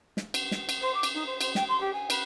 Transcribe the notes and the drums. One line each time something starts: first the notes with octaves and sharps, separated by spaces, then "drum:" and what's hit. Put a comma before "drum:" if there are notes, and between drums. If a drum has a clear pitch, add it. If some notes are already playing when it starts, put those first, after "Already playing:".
drum: snare
drum: cymbal
drum: snare
drum: cymbal
C5
D6
drum: cymbal
D#4
C5
C5, drum: cymbal
G5, drum: snare
C6
G4
G#5
B4, drum: cymbal